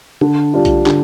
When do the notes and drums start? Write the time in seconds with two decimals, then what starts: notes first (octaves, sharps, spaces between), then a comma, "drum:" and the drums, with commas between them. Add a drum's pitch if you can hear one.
0.21 D3, drum: tom D3
0.53 G3 D4 F4
0.65 drum: kick B1, hi-hat
0.86 D3, drum: clap